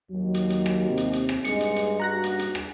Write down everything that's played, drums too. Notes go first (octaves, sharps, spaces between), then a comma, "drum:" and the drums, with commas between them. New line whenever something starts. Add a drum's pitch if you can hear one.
D#2 F#3
drum: hi-hat
drum: hi-hat
drum: rim click
C3
drum: hi-hat
drum: hi-hat
drum: rim click
G2 G#3 C#7, drum: hi-hat
drum: hi-hat
drum: hi-hat
F#4 A#5 F#6 A#6
drum: hi-hat
drum: hi-hat
drum: rim click